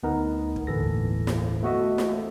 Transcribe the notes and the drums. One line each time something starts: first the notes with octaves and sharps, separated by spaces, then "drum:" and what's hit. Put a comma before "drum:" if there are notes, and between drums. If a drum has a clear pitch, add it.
D2 B3 D#4 A#4
drum: kick
G1 D#2 A2 E3 A4 A#6
drum: snare
A3 B3 F#4 A4 D#5 E5
drum: snare